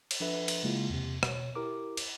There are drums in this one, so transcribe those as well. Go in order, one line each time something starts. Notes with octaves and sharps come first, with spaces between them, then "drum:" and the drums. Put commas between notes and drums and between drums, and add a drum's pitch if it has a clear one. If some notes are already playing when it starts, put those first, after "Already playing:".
drum: cymbal
F3 D4 A4 B4 E5
drum: cymbal
C#3 G#3 A#3 E4 F4
E2 C3
B2 C#5, drum: rim click
E4 G4 A#4 D6
drum: cymbal